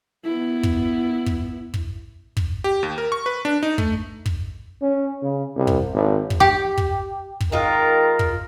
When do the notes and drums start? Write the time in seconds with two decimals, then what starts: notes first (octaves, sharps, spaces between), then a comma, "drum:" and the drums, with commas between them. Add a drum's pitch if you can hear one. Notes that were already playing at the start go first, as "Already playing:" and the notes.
0.24 B3 E4
0.63 drum: kick
1.26 drum: kick
1.74 drum: kick
2.37 drum: kick
2.64 G4
2.83 D#2
2.98 A#4
3.12 C#6
3.26 B4
3.45 D4
3.63 D#4
3.78 A3, drum: kick
4.26 drum: kick
4.82 C#4
5.23 C#3
5.56 C2
5.67 drum: kick
5.93 G#1
6.30 drum: kick
6.40 G4
6.78 drum: kick
7.40 drum: kick
7.52 D#3 G#3 F4 A#4
8.19 drum: kick